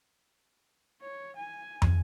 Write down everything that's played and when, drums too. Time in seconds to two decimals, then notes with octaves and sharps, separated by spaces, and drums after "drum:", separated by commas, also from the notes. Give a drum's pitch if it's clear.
1.01 C#5
1.36 G#5
1.82 drum: tom